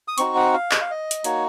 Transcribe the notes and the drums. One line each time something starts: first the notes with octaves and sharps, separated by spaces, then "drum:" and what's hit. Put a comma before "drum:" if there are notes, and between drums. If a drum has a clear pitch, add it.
D#6
C4 D#4 F#4 C#6, drum: hi-hat
F#5
F5
D#5, drum: clap
F5
D#5
drum: hi-hat
A#3 D#4 F#4 C#5, drum: hi-hat